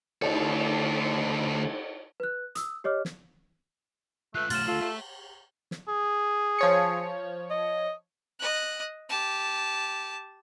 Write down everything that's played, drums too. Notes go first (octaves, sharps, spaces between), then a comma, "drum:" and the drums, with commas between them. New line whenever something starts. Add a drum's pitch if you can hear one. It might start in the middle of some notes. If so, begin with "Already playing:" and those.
D2 A4, drum: cymbal
B4 F#6
D#6 E6, drum: hi-hat
G4 C#5 D#5 D6 F6
drum: snare
A3 F4 B4 F#6
B1 A3 F4 A6 E7, drum: cymbal
D3 A3 F4 A4
A3 A4 E5
drum: snare
G#4
F3 C#5 C#7
D#5
D#5 F#6
G4 A5